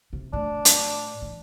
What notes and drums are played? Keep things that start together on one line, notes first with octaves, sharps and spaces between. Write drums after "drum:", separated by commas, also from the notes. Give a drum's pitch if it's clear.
C3
A2 D4
drum: hi-hat
E3